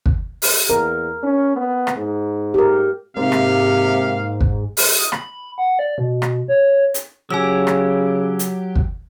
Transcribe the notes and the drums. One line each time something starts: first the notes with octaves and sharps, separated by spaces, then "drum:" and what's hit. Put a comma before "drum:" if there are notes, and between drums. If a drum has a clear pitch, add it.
drum: kick
drum: open hi-hat
E2 A#4
C#4
B3
drum: rim click
G#2
G4 A#4
G#2 C3 A#3 F5
drum: rim click
drum: kick
drum: open hi-hat
D#6
B5, drum: rim click
F#5
D5
B2
drum: rim click
C#5
drum: hi-hat
C#3 F#3 G4 G#5 E6
drum: rim click
drum: hi-hat
drum: kick